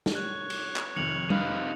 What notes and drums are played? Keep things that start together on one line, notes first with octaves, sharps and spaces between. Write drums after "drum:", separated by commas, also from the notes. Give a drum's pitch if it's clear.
drum: snare
C#5 F#6
drum: cymbal
drum: clap
F1 F2 D#3 C#7 F7 F#7
C3 D#4 B4 F5, drum: tom G3